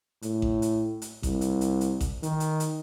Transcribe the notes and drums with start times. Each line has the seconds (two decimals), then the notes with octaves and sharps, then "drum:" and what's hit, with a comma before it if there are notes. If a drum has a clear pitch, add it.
0.22 A2, drum: hi-hat
0.42 drum: kick A1
0.62 drum: hi-hat
1.02 drum: hi-hat
1.23 C2, drum: kick A1, hi-hat
1.41 drum: hi-hat
1.61 drum: hi-hat
1.81 drum: hi-hat
2.01 drum: kick A1, hi-hat
2.23 D#3, drum: hi-hat
2.40 drum: hi-hat
2.60 drum: hi-hat